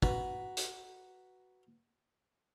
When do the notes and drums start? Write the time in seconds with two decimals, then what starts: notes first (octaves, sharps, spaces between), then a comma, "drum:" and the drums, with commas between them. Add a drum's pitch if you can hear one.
0.03 F#4 B4 A#5, drum: kick
0.57 drum: hi-hat